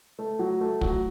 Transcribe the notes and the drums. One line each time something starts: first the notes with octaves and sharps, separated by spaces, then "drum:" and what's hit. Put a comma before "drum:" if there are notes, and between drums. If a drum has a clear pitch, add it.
A3
F#3
A3
F#3, drum: kick